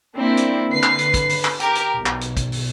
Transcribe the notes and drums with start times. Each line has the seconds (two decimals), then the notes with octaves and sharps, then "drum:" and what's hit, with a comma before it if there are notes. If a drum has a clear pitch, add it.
0.17 A#3 C4 D4 E4
0.37 drum: hi-hat
0.71 D3 B4 C7
0.83 drum: clap
0.99 drum: hi-hat
1.14 drum: kick, hi-hat
1.29 drum: open hi-hat
1.45 drum: clap
1.60 G4 A#4, drum: hi-hat
1.75 drum: hi-hat
1.94 B1
2.06 drum: clap
2.21 drum: hi-hat
2.37 drum: kick, hi-hat
2.52 drum: open hi-hat